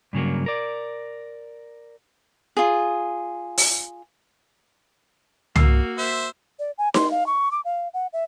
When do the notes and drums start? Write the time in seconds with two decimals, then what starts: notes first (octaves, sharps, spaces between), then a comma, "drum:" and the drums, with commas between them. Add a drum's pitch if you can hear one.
0.13 G2 C#3 F#3 A#3
0.46 A#4 D5
2.57 F4 G#4
3.58 drum: open hi-hat
5.56 A#3 F#4 E6 C7, drum: tom
5.98 C5 E5
6.59 D5
6.78 G#5
6.94 C6, drum: snare D#4
7.11 F5
7.27 C#6
7.52 D6
7.65 F5
7.94 F#5
8.13 E5